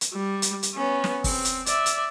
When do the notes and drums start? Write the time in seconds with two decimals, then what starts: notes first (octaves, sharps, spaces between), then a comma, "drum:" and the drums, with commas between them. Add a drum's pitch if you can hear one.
0.01 drum: hi-hat
0.13 G3
0.42 drum: hi-hat
0.63 drum: hi-hat
0.74 B3 C#4
1.04 drum: snare
1.24 C4, drum: kick, open hi-hat
1.45 drum: hi-hat
1.66 D5 E5, drum: hi-hat
1.86 drum: hi-hat